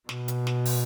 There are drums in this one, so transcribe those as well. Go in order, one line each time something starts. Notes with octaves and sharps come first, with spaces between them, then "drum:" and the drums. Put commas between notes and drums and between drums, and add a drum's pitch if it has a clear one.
B2, drum: snare
drum: hi-hat
drum: snare
drum: open hi-hat